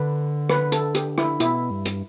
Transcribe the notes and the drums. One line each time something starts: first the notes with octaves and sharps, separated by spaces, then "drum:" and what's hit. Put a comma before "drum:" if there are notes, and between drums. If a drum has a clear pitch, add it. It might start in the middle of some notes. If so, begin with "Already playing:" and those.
Already playing: D3 B4
B4, drum: rim click
A4, drum: hi-hat
G4, drum: hi-hat
E4, drum: rim click
B2 E4, drum: hi-hat
G2
drum: hi-hat